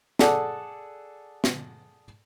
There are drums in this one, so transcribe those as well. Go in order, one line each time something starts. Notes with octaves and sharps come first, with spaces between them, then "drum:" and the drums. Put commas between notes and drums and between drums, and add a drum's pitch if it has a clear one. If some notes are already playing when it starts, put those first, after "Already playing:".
G#4 A4 D5 F#5 A5, drum: snare
drum: snare